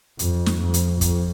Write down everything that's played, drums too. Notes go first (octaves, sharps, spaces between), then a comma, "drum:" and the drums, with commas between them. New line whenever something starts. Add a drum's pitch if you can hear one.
F2, drum: hi-hat
drum: snare
F2
drum: hi-hat
F2, drum: kick, hi-hat